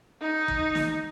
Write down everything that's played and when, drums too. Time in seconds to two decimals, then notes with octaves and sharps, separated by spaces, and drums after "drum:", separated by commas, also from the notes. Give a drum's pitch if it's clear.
0.21 D#4
0.48 drum: kick
0.75 drum: snare